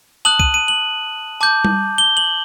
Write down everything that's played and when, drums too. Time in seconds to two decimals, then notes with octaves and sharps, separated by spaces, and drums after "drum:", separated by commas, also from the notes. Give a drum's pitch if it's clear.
0.25 A5 D#6 F#6 F#7
0.39 D#7, drum: kick
0.54 D#7
0.68 F#7
1.41 A5 D6 G6
1.65 drum: tom G3
1.98 G7
2.17 F#7